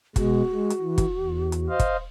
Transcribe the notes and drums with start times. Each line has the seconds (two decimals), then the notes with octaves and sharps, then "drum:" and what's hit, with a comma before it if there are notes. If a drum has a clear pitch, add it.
0.16 B2 G#3 F#4, drum: kick, hi-hat
0.51 G#3
0.70 drum: hi-hat
0.81 E3
0.98 drum: kick, hi-hat
1.17 E2
1.52 drum: hi-hat
1.69 C5 D#5 F5
1.79 drum: kick, hi-hat